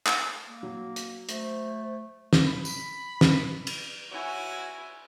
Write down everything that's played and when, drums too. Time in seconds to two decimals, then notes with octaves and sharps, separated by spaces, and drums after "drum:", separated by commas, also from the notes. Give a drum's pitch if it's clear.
0.07 drum: clap
0.47 A#3
0.63 F#3
0.96 drum: hi-hat
1.29 A3 C5, drum: hi-hat
2.33 drum: snare
2.46 B5
2.65 drum: tambourine
3.21 drum: snare
3.67 drum: cymbal
4.11 E4 F#4 C#5 G#5